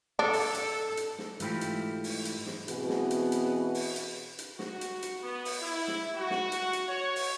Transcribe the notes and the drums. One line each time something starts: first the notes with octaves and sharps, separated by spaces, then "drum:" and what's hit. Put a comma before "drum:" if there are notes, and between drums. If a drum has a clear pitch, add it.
D4 A4
drum: open hi-hat
drum: hi-hat
drum: hi-hat
drum: snare
G#2 E3 A3 E4 F4 G4, drum: hi-hat
drum: hi-hat
drum: open hi-hat
drum: hi-hat
drum: snare
B2 E3 B3 C4 F#4 G#4, drum: hi-hat
drum: snare
drum: hi-hat
drum: hi-hat
drum: open hi-hat
drum: hi-hat
drum: hi-hat
F#4, drum: snare
drum: hi-hat
drum: hi-hat
B3
drum: open hi-hat
E4
drum: snare
F#4
drum: snare
drum: hi-hat
drum: hi-hat
C#5
drum: open hi-hat